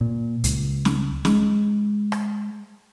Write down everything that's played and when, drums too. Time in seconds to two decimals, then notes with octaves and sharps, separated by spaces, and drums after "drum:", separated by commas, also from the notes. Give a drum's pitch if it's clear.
0.01 A#2
0.44 C#2, drum: hi-hat
0.85 drum: snare
1.25 G#3, drum: snare
2.12 drum: rim click